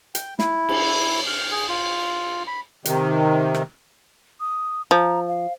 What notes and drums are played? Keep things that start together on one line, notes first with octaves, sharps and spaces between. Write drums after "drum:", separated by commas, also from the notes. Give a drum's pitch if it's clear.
G5, drum: hi-hat
E4, drum: snare
drum: cymbal
F6
G#4
F4
B5
C3 D#3, drum: hi-hat
drum: rim click
D#6
F3 A#5
F5